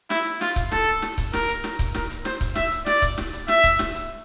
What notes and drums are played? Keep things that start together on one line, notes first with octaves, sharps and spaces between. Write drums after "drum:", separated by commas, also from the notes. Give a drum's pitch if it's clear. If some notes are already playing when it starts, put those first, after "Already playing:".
E4, drum: snare
drum: hi-hat
F4, drum: snare
drum: kick C#1, hi-hat
A4, drum: snare
drum: snare
drum: kick C#1, hi-hat
A#4, drum: snare
drum: hi-hat
drum: snare
drum: kick C#1, hi-hat
A#4, drum: snare
drum: hi-hat
C5, drum: snare
drum: kick C#1, hi-hat
E5, drum: snare
drum: hi-hat
D5, drum: snare
drum: kick C#1, hi-hat
drum: snare
drum: hi-hat
E5, drum: snare
drum: kick C#1, hi-hat
drum: snare
drum: hi-hat